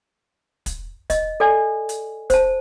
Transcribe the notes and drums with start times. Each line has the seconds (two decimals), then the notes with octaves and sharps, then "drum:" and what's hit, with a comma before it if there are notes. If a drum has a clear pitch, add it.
0.66 drum: kick, hi-hat
1.10 D#5, drum: kick, hi-hat
1.40 A4 D5 G#5
1.89 drum: hi-hat
2.30 C5 A5, drum: kick, hi-hat